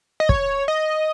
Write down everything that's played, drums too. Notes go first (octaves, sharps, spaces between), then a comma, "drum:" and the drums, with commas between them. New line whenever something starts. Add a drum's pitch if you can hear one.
D#5
C#5, drum: kick
D#5